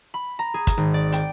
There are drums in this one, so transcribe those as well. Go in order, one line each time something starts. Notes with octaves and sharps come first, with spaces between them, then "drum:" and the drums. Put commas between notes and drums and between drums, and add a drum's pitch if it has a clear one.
B5
A#5
G#4
drum: kick, hi-hat
G#1
D5
G5, drum: hi-hat